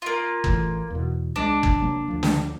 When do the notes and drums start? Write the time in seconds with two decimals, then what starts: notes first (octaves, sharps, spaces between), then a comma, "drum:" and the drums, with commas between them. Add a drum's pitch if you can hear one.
0.02 A#3 F4
0.44 A1 A2 E3, drum: kick
0.90 E2 B2
1.36 C#2 G#3 D4
1.63 drum: kick
1.79 C3 F#3 A#3
2.08 D2 F3
2.23 drum: snare